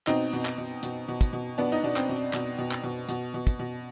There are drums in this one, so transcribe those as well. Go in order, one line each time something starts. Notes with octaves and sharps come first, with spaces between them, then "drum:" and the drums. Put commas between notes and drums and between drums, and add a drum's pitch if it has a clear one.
B2 C4 D#4, drum: clap
B2
drum: clap
B2
B2, drum: hi-hat
B2
drum: kick, hi-hat
B2
B2 B3 D4
D#4
B2 D4
C4, drum: clap
B2
B2, drum: clap
B2
drum: clap
B2
B2, drum: hi-hat
B2
drum: kick, hi-hat
B2